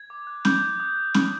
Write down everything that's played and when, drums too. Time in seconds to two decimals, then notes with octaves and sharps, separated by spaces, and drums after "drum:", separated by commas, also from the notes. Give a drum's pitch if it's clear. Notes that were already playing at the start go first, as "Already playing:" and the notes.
Already playing: G#6
0.10 D6
0.27 F#6
0.45 D6 G6, drum: snare
0.62 F#6
0.80 D#6
0.96 F#6
1.14 D#6, drum: snare